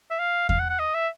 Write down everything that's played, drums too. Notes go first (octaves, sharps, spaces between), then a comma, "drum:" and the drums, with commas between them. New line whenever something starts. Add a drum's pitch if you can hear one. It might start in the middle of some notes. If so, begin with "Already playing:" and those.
E5
F5
F5, drum: kick E2
F#5
F#5
D#5
E5